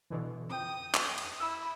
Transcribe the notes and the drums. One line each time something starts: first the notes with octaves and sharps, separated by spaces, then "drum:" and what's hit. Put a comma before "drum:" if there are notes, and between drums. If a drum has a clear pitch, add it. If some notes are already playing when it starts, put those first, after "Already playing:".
B2 D3 E3
F2 G5 D#6
drum: clap
drum: cymbal
E4 E6